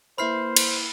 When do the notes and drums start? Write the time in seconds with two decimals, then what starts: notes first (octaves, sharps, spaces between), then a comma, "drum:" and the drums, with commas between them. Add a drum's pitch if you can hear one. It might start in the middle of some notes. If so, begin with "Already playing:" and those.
0.18 A#3 E4 B4 C5 B5 F6 C7
0.56 drum: cymbal